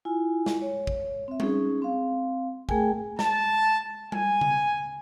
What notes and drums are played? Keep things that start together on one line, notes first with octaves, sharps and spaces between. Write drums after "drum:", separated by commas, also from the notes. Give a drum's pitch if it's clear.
E4 F4 G#5
drum: snare
C#5
drum: kick
C4 E5
C#4 D#4 G#4, drum: tom G3
C4 F5
A3 G#4 A#4 G5 G#5, drum: kick
A5, drum: snare
G#5, drum: tom G3
drum: tom C#3